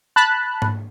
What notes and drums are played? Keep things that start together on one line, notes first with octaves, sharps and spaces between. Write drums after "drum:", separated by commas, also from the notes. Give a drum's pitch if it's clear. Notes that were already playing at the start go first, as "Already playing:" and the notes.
A5 B5 F#6
drum: tom G#2